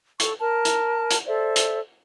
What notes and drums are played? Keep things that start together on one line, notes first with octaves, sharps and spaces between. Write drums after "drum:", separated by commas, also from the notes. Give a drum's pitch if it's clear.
A4 C#6, drum: hi-hat
A#4 A5
drum: hi-hat
drum: hi-hat
A4 C5 D5 E5
drum: hi-hat